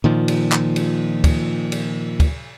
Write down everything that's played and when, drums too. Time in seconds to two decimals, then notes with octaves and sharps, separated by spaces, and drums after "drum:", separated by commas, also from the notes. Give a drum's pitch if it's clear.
0.04 A#2 D#3 F3
0.28 drum: cymbal
0.52 drum: clap
0.76 drum: cymbal
1.24 drum: kick, cymbal
1.72 drum: cymbal
2.20 drum: kick, cymbal